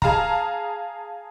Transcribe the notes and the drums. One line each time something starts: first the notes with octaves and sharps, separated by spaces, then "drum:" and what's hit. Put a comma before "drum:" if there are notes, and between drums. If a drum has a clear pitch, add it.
G#4 F5 A5 A#5, drum: kick